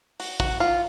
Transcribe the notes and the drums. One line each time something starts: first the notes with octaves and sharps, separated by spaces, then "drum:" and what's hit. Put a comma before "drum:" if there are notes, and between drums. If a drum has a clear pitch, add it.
F#4, drum: open hi-hat
F#4, drum: kick
F4